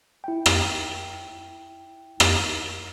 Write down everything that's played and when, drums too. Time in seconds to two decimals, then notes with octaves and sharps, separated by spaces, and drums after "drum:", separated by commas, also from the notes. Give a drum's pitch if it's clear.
0.24 E4 G5
0.46 drum: rim click
2.20 drum: rim click